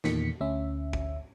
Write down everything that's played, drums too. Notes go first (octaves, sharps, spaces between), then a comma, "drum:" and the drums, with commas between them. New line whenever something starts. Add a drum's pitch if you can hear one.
E2 A#2 D#3 B6 C#7, drum: snare
D2 C#4 E5
drum: kick